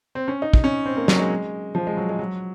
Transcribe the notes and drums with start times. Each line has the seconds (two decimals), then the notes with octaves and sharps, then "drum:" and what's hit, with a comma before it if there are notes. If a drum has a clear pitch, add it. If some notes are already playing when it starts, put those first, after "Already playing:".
0.15 C4
0.28 C#4
0.42 D#4
0.54 drum: kick
0.64 C#4
0.86 C4
0.97 A#3
1.08 F#3, drum: snare
1.20 G#3
1.75 F3
1.87 G#3
1.97 F#3
2.09 G#3
2.19 F#3